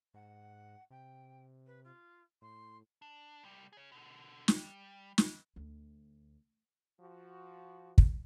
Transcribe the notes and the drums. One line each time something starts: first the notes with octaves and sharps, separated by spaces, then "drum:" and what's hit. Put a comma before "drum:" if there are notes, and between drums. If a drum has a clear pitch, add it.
G#2 F#5
C3 G5
B4
F4
A2 C6
D4
C2 G3
G#4 C#5
B2 D3
G3, drum: snare
drum: snare
D2
F3 F#4
drum: kick